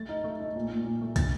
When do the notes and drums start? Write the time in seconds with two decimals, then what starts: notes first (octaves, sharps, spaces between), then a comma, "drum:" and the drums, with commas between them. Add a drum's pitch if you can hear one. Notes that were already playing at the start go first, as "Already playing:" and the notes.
Already playing: A3 A6
0.09 D#4
0.24 A3
0.40 D#4
0.56 A#2
0.71 A#2
0.85 A#2
1.01 A3
1.16 D4 A6, drum: kick, hi-hat